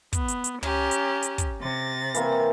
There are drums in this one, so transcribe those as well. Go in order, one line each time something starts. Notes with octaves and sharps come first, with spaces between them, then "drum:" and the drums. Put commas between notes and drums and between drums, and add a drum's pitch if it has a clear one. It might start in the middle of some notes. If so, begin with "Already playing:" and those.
B3, drum: kick, hi-hat
drum: hi-hat
drum: hi-hat
C#4 G4 A#5, drum: tom
drum: hi-hat
drum: hi-hat
drum: kick, hi-hat
C3 A6 A#6
E3 A#3 C4, drum: hi-hat